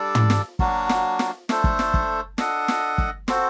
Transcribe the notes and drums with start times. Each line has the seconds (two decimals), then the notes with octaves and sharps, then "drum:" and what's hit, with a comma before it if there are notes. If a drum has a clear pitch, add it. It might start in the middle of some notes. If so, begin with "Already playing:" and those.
Already playing: G3 D4 A4 D5
0.15 drum: tom
0.30 drum: snare
0.59 F#3 A#3 D4 F#4, drum: kick
0.89 drum: snare
1.19 drum: snare
1.49 A3 D4 A4 C5, drum: snare
1.64 drum: kick
1.79 drum: snare
1.94 drum: kick
2.38 D4 A4 D#5 F#5, drum: snare
2.68 drum: snare
2.98 drum: kick
3.28 C4 F#4 A4 C5, drum: snare